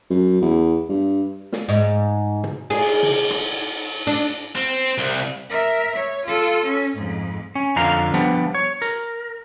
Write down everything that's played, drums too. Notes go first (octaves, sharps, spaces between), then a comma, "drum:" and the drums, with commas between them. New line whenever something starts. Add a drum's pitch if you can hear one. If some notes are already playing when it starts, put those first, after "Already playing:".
F#2
E2
G2
drum: snare
G#2, drum: hi-hat
drum: tom
G#4, drum: cymbal
drum: tom
drum: rim click
D4, drum: cymbal
C4
C2
A#4 E5
C#5
F4 A4
drum: hi-hat
C#4
F2 G#2
C#4
F2 D3 F4 F5 A#5
F3 G3 B3 D4, drum: hi-hat
C#5
A#4, drum: hi-hat